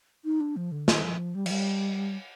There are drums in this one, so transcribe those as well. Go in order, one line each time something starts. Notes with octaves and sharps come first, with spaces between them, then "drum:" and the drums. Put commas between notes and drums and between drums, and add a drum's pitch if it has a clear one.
D#4
D4
F3
D3
D#3, drum: snare
F3
G3
F3, drum: cymbal
G3